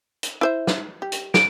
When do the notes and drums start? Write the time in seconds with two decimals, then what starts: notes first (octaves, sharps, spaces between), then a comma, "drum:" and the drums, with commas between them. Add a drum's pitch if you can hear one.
0.23 drum: hi-hat
0.41 E4 C5 E5
0.67 drum: snare
1.02 G4
1.12 drum: hi-hat
1.34 D7, drum: snare